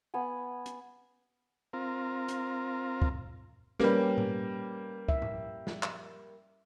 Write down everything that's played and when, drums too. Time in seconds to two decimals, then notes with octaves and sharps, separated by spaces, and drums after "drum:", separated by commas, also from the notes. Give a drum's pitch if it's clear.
0.14 B3 F#5 G#5
0.66 drum: hi-hat
1.73 C4 F4 A#4
2.28 drum: hi-hat
3.02 drum: kick
3.80 G3 A#3 C#4 G4 B4, drum: snare
4.18 drum: tom G#2
5.09 E5, drum: kick
5.22 drum: tom G#2
5.67 drum: snare
5.83 drum: clap